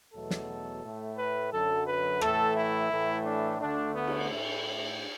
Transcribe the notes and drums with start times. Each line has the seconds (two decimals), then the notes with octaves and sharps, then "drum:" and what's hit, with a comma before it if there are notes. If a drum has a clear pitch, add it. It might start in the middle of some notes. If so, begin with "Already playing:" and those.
0.13 E2 B2 F#3 A3 A4
0.30 drum: snare
0.82 A2 A3
1.17 B4
1.51 F#2 D3 F#3 A4
1.86 B4
2.21 A2 E3 A3 A4, drum: rim click
2.56 E4
2.90 A2 E3 A3
3.25 D4
3.60 D2 D3 A3 D4
3.95 B3
4.07 drum: cymbal
4.29 A2 A3 E4